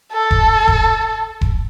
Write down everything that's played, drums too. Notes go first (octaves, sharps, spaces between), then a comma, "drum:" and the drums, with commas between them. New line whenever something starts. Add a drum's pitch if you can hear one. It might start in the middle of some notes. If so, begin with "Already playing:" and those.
A4
drum: kick E1
drum: kick E1
drum: kick E1